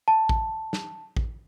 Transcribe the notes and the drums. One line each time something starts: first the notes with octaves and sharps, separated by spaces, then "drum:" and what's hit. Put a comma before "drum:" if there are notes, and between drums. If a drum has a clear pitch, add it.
A5
drum: kick A1
drum: snare
drum: kick A1